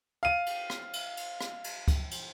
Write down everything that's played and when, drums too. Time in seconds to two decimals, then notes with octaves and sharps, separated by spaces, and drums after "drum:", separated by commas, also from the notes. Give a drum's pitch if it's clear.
0.23 F5 D#7
0.46 drum: cymbal
0.70 drum: rim click
0.93 drum: cymbal
1.17 drum: cymbal
1.41 drum: rim click
1.64 drum: cymbal
1.88 drum: kick, cymbal
2.11 drum: cymbal